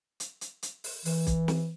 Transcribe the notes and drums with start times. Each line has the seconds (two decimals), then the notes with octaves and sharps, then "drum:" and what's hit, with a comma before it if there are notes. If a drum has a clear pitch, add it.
0.20 drum: hi-hat
0.41 drum: hi-hat
0.63 drum: hi-hat
0.84 drum: open hi-hat
1.05 E3, drum: open hi-hat
1.27 drum: kick, hi-hat
1.48 drum: snare